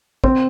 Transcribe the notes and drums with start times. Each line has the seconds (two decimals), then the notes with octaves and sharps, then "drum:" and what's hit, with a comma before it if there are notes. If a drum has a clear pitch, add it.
0.24 C4, drum: kick